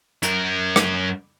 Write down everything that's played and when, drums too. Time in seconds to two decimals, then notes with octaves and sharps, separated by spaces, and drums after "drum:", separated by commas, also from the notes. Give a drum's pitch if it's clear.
0.22 F#2 A#4, drum: hi-hat
0.76 drum: rim click